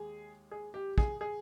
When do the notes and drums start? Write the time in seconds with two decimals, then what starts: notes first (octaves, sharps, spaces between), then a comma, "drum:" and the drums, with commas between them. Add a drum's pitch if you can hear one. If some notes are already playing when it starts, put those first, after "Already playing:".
Already playing: D#2 G#3 G#4
0.51 G#4
0.74 G4
0.98 G#4, drum: kick
1.21 G#4